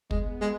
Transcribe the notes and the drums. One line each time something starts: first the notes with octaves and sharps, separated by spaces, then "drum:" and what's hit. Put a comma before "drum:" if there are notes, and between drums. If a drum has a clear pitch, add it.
G#3 B3, drum: kick
G#3